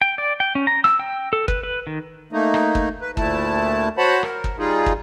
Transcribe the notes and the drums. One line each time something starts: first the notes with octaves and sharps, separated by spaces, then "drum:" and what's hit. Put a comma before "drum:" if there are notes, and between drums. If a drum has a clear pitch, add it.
G5
D5
G5
C#4
A#5
E6, drum: rim click
G5
A4
B4, drum: kick
B4
D#3
A3 A#3 D#4
drum: rim click
drum: kick
B4
D2 A#2 A3 E4 A5, drum: kick
F#4 C5 C#5 F#5 A5 B5
A#4, drum: rim click
drum: kick
G3 D#4 F4 G#4
drum: kick